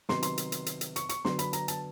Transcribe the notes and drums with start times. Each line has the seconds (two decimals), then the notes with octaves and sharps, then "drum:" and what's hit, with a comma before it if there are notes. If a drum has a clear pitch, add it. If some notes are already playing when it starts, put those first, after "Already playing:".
0.09 C3 D#3 F#3 B3 C6, drum: snare
0.23 C6, drum: hi-hat
0.38 drum: hi-hat
0.52 drum: hi-hat
0.66 drum: hi-hat
0.81 drum: hi-hat
0.96 C#6, drum: hi-hat
1.09 C#6, drum: hi-hat
1.25 D3 F#3 B3 D4 C6, drum: snare
1.39 B5, drum: hi-hat
1.53 A#5, drum: hi-hat
1.68 A5, drum: hi-hat